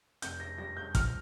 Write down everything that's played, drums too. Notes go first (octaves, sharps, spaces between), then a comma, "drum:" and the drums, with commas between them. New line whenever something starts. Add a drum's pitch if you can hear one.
F1 G6, drum: hi-hat
A#6
G3 A#6
G6
F3 F6, drum: kick, hi-hat